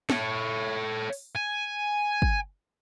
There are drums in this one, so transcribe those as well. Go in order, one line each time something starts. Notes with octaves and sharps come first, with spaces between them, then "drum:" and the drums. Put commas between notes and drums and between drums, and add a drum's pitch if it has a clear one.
A4 C#5, drum: snare
drum: open hi-hat
G#5
drum: kick